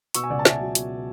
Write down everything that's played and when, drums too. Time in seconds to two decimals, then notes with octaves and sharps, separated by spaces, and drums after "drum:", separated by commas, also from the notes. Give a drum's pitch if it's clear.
0.14 B2 C#6 E6, drum: hi-hat
0.23 G#5
0.30 C#2 D5 F#5
0.39 A5
0.45 C#2 E5 G#5, drum: snare
0.61 F#3
0.75 B2, drum: hi-hat